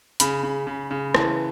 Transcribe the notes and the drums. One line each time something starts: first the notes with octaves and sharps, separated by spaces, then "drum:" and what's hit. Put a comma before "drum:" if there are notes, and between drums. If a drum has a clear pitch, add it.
C#3 B5, drum: hi-hat
C#3
C#3
C#3
E3 A5, drum: rim click